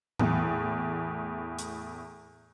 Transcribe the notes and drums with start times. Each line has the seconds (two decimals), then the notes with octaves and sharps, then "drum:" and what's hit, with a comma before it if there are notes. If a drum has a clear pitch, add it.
0.19 E2 A2, drum: tom A2
1.59 drum: hi-hat